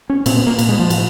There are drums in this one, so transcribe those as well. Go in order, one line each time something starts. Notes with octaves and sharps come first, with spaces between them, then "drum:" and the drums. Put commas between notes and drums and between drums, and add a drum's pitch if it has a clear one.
C#4
A#2 C4, drum: cymbal
B3
A#3
A#2, drum: cymbal
G#3
F3
A2, drum: cymbal